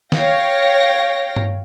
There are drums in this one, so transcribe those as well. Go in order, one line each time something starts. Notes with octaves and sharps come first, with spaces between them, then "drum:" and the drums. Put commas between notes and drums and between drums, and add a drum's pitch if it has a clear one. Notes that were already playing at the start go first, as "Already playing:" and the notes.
C#5 F5 G5 A#6, drum: snare
drum: tom G2